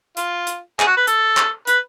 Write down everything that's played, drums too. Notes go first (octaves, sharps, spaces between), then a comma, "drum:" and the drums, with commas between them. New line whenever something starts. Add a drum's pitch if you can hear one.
F4, drum: hi-hat
drum: hi-hat
G#4, drum: clap
F#4
B4
A4, drum: hi-hat
drum: clap
B4, drum: hi-hat